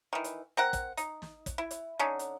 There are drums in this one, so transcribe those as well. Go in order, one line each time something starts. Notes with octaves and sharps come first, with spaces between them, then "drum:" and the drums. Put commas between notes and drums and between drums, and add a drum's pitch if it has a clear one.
D#3 E3
drum: hi-hat
C4 A#4 F#5
drum: kick, hi-hat
D#4, drum: hi-hat
drum: snare
drum: kick, hi-hat
E4
drum: hi-hat
D3 C#4 D#4
drum: hi-hat